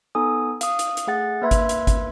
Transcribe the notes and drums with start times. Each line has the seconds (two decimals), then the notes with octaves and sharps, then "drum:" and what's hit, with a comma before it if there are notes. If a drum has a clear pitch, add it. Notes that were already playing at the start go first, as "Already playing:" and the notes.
0.15 B3 D#4 A4 G#5 D#6
0.61 F5 D#6, drum: hi-hat
0.79 drum: hi-hat
0.97 drum: hi-hat
1.07 A3 G#4 F#5 A6
1.42 A#3 B4 E5 B5 C6 G#6
1.51 drum: kick G#1, hi-hat
1.69 drum: hi-hat
1.87 drum: kick G#1, hi-hat